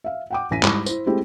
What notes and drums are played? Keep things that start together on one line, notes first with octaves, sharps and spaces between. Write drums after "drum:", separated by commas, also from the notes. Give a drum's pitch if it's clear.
E5 F5
F#5 G5 D6
A1 G#5 A#6 B6 D#7
G#2 G3 E4 B5 C#6 D6, drum: clap
E4 C5, drum: tambourine
G#3 A3 C4 E4 G4 G#4